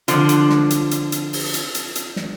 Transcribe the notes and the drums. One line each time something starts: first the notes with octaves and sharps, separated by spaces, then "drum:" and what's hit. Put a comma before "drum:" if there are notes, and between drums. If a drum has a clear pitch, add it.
D3 F3, drum: hi-hat
drum: hi-hat
drum: snare
drum: hi-hat
drum: hi-hat
drum: hi-hat
drum: open hi-hat
drum: hi-hat
drum: hi-hat
drum: hi-hat
drum: snare